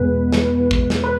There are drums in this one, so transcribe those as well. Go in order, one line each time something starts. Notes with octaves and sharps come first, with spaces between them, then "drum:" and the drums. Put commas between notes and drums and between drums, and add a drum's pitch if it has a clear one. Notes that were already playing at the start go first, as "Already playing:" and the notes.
Already playing: E2 B2 G#3 B3 B4
drum: snare
drum: kick
drum: snare
B4